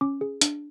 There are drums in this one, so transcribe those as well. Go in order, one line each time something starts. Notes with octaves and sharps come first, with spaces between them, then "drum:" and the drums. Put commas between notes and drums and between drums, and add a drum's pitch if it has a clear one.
C#4 D6
G#4
D4, drum: hi-hat